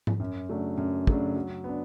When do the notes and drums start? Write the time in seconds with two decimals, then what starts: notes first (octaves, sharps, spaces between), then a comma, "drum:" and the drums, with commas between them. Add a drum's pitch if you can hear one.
0.07 drum: tom G#2
0.20 F#2
0.49 C#3 F#3 A3 D4
0.77 F#2
1.07 C#3 F#3 A3 D4, drum: kick
1.35 F#3
1.64 B3 D4